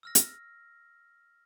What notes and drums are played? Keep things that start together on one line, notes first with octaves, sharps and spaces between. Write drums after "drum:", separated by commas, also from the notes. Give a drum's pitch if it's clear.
E6 F6 A#6
drum: hi-hat